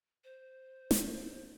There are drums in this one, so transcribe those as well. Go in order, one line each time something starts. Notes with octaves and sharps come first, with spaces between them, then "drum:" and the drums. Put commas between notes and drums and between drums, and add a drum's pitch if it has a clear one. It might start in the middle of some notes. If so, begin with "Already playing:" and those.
C5
drum: snare